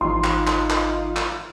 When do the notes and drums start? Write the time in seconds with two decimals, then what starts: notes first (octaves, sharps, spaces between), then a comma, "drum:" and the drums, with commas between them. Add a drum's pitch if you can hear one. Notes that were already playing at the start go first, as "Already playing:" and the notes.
0.01 G#1 E3 D#4 F4 C6
0.24 drum: clap
0.47 drum: clap
0.70 drum: clap
1.16 drum: clap